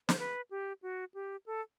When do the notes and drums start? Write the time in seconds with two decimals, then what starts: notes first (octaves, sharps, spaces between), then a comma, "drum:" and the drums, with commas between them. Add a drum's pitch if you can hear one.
0.09 C5, drum: snare
0.19 B4
0.51 G4
0.82 F#4
1.14 G4
1.46 A4